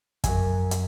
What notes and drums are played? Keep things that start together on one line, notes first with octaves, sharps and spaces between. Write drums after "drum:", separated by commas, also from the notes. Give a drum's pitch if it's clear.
F#2 F#3 G#5, drum: kick, hi-hat
drum: hi-hat